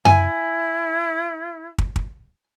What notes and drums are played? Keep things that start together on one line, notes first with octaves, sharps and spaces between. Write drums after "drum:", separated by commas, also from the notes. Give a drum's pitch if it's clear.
E4 G#5, drum: tom F#2
drum: kick
drum: kick